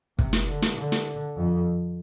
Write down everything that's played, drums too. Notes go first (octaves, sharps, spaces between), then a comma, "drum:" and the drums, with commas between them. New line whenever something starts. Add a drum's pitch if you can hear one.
C3, drum: kick
drum: snare
D3
drum: snare
D3
drum: snare
F2